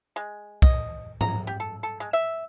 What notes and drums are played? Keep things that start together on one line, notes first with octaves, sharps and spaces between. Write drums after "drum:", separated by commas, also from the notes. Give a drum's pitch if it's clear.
G#3
D#5, drum: kick
A#5, drum: tom G#2
G4
A4
A4
G#3
E5